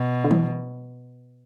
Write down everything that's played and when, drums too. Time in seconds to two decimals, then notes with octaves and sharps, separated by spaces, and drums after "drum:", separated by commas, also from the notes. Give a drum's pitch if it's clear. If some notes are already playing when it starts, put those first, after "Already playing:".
Already playing: B2
0.24 D3
0.31 E3, drum: tom E3